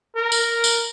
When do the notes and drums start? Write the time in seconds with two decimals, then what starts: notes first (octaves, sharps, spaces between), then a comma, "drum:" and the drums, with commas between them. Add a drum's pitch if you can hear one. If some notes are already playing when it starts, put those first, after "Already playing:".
0.16 A#4
0.32 drum: tambourine
0.64 drum: tambourine